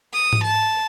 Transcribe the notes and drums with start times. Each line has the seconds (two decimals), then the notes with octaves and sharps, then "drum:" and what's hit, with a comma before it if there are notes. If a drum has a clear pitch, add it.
0.14 D#6
0.33 drum: tom G#2
0.44 A5